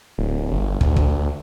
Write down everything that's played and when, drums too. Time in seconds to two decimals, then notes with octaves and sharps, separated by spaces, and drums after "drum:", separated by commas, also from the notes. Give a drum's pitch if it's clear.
0.18 D1
0.52 G1
0.81 D2, drum: kick
0.96 drum: kick